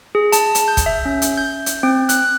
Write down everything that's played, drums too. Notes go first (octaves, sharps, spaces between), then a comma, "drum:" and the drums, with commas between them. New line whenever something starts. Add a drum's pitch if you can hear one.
G#4
A5, drum: hi-hat
drum: hi-hat
G6
drum: kick, hi-hat
E5
C#4
drum: hi-hat
G6
drum: hi-hat
C4
F#6, drum: hi-hat